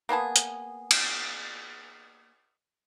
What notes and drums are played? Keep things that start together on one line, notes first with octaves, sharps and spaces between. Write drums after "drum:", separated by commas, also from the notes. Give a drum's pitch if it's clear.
A#3 B3 G#4 A5
drum: hi-hat
drum: cymbal